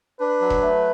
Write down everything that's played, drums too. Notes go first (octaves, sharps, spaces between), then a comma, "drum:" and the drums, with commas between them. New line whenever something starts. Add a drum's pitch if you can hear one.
D4 B4
F#3
drum: kick E1
A3